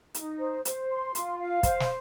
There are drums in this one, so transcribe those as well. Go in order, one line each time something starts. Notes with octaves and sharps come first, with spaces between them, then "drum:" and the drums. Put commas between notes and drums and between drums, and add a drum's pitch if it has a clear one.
D#4, drum: hi-hat
C5
C5, drum: hi-hat
C6
F4, drum: hi-hat
F5
C5, drum: kick, hi-hat
drum: snare